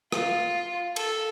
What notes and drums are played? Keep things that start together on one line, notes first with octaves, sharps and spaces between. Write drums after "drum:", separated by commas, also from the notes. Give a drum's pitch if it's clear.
F4, drum: rim click
A4, drum: cymbal